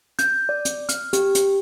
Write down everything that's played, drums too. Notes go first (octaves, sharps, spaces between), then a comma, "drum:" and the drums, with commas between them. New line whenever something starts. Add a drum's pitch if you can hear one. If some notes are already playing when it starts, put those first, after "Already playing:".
G6, drum: hi-hat
D5
drum: hi-hat
F6, drum: hi-hat
G4, drum: hi-hat
drum: hi-hat